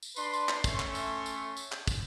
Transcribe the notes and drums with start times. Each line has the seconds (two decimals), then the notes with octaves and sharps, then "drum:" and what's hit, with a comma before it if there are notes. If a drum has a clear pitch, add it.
0.03 drum: tambourine
0.16 D4 B4 C6, drum: tambourine
0.33 drum: tambourine
0.49 drum: clap
0.64 A3 C#4 E5 C6 C#6, drum: kick, tambourine
0.80 drum: clap
0.95 drum: tambourine
1.26 drum: tambourine
1.57 drum: tambourine
1.72 drum: clap
1.87 drum: kick, tambourine